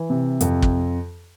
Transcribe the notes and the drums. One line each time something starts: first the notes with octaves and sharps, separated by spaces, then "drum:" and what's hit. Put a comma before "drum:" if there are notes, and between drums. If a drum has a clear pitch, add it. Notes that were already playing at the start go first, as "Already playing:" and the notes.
Already playing: E3
C3
F2, drum: hi-hat
drum: kick